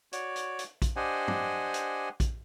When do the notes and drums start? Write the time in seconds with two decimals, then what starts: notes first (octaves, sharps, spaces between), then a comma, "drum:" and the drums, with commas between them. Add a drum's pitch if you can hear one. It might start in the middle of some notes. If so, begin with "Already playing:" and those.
0.13 F#4 C#5 D5, drum: hi-hat
0.36 drum: hi-hat
0.59 drum: hi-hat
0.82 drum: kick A#1, hi-hat
0.96 D4 G4 C5 D#5 F#5 G#5
1.28 drum: tom
1.74 drum: hi-hat
2.20 drum: kick A#1, hi-hat